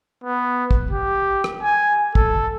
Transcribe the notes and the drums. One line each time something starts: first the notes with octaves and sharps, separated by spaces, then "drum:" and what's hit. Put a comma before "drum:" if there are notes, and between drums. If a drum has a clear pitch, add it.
B3
drum: kick
G4
drum: rim click
G#5
A4, drum: kick